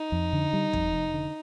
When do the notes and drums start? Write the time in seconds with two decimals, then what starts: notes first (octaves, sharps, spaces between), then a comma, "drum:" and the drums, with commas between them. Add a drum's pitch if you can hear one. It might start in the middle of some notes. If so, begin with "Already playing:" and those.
Already playing: D#4
0.12 F2
0.33 D3
0.53 G3
0.73 F2, drum: kick
0.93 F1
1.14 D3